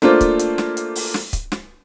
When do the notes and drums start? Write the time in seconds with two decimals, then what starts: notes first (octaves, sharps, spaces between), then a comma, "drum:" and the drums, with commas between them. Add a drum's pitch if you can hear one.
0.02 A3 A#3 D4 F4 C5, drum: snare
0.21 drum: kick C#1, hi-hat
0.39 drum: hi-hat
0.58 drum: snare
0.77 drum: hi-hat
0.95 drum: open hi-hat
1.14 drum: snare
1.33 drum: kick C#1, hi-hat
1.52 drum: snare